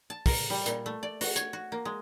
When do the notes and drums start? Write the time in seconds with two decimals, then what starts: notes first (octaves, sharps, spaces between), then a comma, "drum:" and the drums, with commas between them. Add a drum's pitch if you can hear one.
0.10 A5
0.26 A#4, drum: kick, open hi-hat
0.50 G3
0.66 A#2, drum: hi-hat
0.86 A3
1.03 D5
1.21 F#4, drum: open hi-hat
1.36 C#5, drum: hi-hat
1.53 F#4
1.72 A#3
1.85 G#3